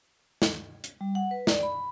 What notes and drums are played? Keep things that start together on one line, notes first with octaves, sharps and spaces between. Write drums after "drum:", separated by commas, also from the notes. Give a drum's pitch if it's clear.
drum: snare
drum: hi-hat
G3
F#5
B4
D5, drum: snare
B5